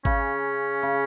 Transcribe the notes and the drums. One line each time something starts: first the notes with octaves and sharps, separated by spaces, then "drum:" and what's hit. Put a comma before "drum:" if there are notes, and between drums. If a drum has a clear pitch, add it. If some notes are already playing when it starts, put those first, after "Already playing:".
C#3 C#4, drum: kick G#1
C#3